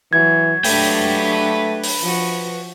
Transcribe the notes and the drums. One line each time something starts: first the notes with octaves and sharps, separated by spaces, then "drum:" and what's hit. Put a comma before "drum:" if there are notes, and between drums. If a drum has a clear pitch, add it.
E3 F#3 G#6
F#3 A3 D4 G4 B4 G5, drum: open hi-hat
drum: open hi-hat
F3 F#4